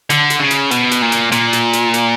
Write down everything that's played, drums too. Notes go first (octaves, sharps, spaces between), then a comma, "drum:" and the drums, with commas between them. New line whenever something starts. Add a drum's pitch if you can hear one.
D3, drum: hi-hat
drum: hi-hat
C#3
drum: hi-hat
B2, drum: hi-hat
drum: hi-hat
A#2
drum: hi-hat
A#2, drum: hi-hat
drum: hi-hat
drum: hi-hat
drum: hi-hat